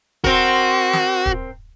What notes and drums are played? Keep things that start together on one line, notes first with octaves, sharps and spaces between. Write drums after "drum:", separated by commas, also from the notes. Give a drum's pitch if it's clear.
C4 F#4 A#4, drum: kick
drum: snare
drum: kick